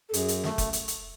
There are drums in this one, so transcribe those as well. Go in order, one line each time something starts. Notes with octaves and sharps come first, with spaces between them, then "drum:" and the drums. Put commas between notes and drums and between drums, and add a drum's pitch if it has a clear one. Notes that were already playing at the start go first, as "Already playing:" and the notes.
A4
F#2 G#4, drum: hi-hat
drum: hi-hat
A3, drum: snare
drum: kick F1, hi-hat
drum: hi-hat
drum: hi-hat